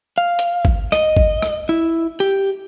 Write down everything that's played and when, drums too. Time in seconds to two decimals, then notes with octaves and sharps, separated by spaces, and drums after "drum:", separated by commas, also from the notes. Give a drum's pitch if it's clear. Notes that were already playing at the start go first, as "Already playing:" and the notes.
0.18 F5
0.39 drum: hi-hat
0.65 drum: kick
0.92 D#5, drum: rim click
1.17 drum: kick
1.42 drum: rim click
1.69 E4
2.20 G4